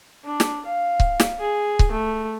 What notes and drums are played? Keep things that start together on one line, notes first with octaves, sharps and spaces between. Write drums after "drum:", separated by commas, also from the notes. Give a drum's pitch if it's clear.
D4
drum: snare
F5
drum: kick C#1
drum: snare
G#4
drum: kick C#1
A3